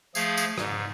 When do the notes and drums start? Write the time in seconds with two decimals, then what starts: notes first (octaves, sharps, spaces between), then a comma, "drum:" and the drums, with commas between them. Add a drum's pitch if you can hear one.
0.15 F3 A3 G#4 F5 G#6, drum: tambourine
0.37 drum: tambourine
0.58 G#2, drum: rim click